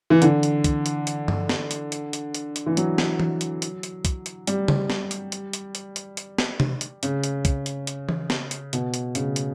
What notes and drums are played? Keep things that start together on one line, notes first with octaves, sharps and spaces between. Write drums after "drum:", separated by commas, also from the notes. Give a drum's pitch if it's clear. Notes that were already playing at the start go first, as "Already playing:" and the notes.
E3
D3, drum: hi-hat
drum: hi-hat
drum: kick, hi-hat
drum: hi-hat
drum: hi-hat
drum: tom G2
drum: snare
drum: hi-hat
drum: hi-hat
drum: hi-hat
drum: hi-hat
drum: hi-hat
E3
F#3, drum: hi-hat
drum: snare
drum: tom
drum: hi-hat
drum: hi-hat
drum: hi-hat
drum: kick, hi-hat
drum: hi-hat
G3, drum: hi-hat
drum: tom
drum: snare
drum: hi-hat
drum: hi-hat
drum: hi-hat
drum: hi-hat
drum: hi-hat
drum: hi-hat
drum: snare
drum: tom C3
drum: hi-hat
C#3, drum: hi-hat
drum: hi-hat
drum: kick, hi-hat
drum: hi-hat
drum: hi-hat
drum: tom
drum: snare
drum: hi-hat
B2, drum: hi-hat
drum: hi-hat
C#3, drum: hi-hat
drum: hi-hat